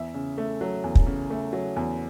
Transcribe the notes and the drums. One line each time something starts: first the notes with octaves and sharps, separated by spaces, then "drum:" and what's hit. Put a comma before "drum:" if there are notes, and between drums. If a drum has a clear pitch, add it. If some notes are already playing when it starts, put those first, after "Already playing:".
Already playing: E2 E5
C#3
A3
F#3
E2
drum: kick
C#3
A3
F#3
E2